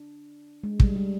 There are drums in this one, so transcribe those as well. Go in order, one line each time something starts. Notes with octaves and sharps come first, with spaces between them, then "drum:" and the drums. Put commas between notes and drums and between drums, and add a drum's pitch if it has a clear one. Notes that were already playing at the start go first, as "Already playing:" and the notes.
Already playing: D4
G#3
G3, drum: kick
G3